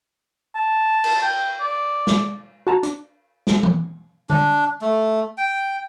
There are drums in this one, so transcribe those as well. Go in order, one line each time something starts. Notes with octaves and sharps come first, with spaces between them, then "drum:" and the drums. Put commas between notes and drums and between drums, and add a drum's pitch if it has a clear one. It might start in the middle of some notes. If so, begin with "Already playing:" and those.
A5
drum: cymbal
G5
D5
drum: snare
F#4 A5 A#5
D4, drum: hi-hat
drum: snare
drum: tom E3
D4, drum: tom D3
A3
G5